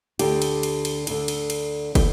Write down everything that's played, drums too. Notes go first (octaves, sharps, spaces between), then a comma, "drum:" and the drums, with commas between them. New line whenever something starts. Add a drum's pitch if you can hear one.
D2 D3 G4, drum: cymbal
drum: cymbal
drum: cymbal
drum: cymbal
D2 D3, drum: cymbal
drum: cymbal
drum: cymbal
D3, drum: kick, cymbal